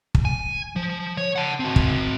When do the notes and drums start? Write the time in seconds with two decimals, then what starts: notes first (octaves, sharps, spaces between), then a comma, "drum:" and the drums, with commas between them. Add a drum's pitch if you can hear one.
0.15 drum: kick
0.25 G#5
0.76 F3
1.17 C#5
1.36 F#5 A5
1.60 C4 F#4
1.76 drum: kick